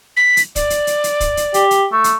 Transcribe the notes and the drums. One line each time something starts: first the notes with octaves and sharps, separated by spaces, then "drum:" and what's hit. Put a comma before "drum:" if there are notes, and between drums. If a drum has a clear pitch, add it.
B6
drum: hi-hat
D5, drum: kick, hi-hat
drum: hi-hat
drum: hi-hat
drum: hi-hat
drum: kick, hi-hat
drum: hi-hat
G4, drum: hi-hat
drum: hi-hat
A3
drum: hi-hat